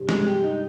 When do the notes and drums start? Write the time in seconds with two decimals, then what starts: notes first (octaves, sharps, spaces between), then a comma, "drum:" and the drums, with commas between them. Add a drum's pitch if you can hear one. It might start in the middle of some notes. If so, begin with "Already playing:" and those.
Already playing: G2 C3
0.09 G#3, drum: snare
0.27 G4
0.44 D#4